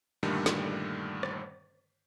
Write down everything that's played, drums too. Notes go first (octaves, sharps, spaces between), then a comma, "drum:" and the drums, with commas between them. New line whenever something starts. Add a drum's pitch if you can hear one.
G2 A#2 D3 D#3 G3 A3
drum: snare
drum: rim click